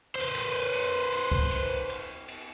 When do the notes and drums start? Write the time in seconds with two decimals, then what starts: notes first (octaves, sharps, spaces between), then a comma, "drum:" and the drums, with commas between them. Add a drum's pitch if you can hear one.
0.15 B4 C5
0.35 drum: cymbal
0.73 drum: cymbal
1.12 drum: cymbal
1.32 drum: kick
1.51 drum: cymbal
1.90 drum: cymbal
2.28 drum: cymbal